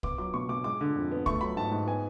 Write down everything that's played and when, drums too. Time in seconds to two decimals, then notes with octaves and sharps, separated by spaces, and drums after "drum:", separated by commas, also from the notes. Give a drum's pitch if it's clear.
0.03 B3 D6, drum: kick
0.18 F#3 D6
0.34 B2 C#6
0.49 B2 D6
0.64 G#3 D6
0.81 D3
0.96 F2
1.11 B3
1.26 A3 C#6, drum: kick
1.41 F#3 B5
1.57 G#2 A5
1.71 G#2
1.87 B3 G#5